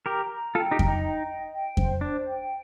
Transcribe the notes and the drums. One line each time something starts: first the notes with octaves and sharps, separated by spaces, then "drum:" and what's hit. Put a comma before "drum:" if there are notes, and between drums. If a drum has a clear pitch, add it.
G4 A#4 A#5
A#5
F4 A4 G5
D#4 G4
A#5, drum: kick F2
D#4
G5
D#5
G5
C5, drum: kick F2
D4 C5
G5